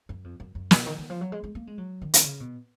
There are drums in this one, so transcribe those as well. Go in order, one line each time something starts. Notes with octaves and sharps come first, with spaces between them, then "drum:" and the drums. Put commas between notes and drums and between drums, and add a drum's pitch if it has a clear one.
F#2
F2
F#2
F#2
B2, drum: snare
D#3
D#3
F3
F#3
G#3
G#3
A#3
G#3
F#3
D#3
drum: hi-hat
C#3
B2